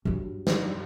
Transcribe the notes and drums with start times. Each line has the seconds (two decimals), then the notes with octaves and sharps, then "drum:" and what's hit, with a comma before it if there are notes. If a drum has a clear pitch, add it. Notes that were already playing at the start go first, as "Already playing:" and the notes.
0.05 G2 F#3
0.47 drum: snare